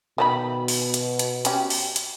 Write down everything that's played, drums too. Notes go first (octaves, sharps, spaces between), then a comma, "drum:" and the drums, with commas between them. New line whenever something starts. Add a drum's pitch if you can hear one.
B2 D#3 D4 B5
drum: open hi-hat
drum: hi-hat
drum: hi-hat
C#4 G4, drum: hi-hat
drum: open hi-hat
drum: hi-hat